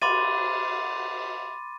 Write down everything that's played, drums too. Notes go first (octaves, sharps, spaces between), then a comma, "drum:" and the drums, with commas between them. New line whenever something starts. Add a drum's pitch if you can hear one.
B5 C6 D6 A6 D#7, drum: cymbal